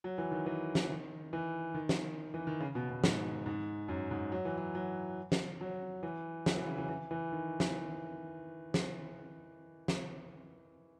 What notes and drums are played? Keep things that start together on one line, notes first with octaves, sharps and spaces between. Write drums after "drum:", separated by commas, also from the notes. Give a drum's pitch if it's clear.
F#3
E3
D#3
E3
drum: snare
D#3
E3
D#3
drum: snare
E3
D#3
C#3
B2
B2
G#2, drum: snare
G#2
F#2
G#2
F#3
E3
F#3
F#3
drum: snare
F#3
E3
F#3, drum: snare
E3
C#3
E3
E3
E3
D#3
drum: snare
drum: snare
drum: snare